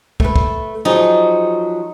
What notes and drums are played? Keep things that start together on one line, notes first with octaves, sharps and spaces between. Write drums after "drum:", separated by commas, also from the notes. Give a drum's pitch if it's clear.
A3 B4, drum: kick
drum: kick
F3 F#3 D#4 G#4